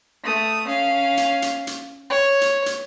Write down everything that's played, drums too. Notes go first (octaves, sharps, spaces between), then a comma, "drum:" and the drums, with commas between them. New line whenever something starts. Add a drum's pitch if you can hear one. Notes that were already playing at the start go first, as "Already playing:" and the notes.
A3 D#6
C#4 F5
drum: hi-hat
drum: hi-hat
drum: hi-hat
C#5
drum: hi-hat
drum: hi-hat